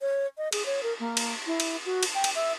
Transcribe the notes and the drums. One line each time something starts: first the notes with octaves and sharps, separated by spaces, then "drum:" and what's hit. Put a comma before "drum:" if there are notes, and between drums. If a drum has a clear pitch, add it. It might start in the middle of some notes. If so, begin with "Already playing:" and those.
C#5
D#5
G#4, drum: cymbal
C#5
A#4
A#3
drum: cymbal
E4
drum: cymbal
F#4
drum: cymbal
G5
drum: cymbal
E5